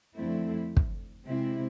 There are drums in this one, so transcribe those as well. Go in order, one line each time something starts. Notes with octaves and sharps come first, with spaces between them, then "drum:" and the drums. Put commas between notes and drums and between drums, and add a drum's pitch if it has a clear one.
F2 D3 A3 C4 E4
drum: kick
C3 G#3 C4 E4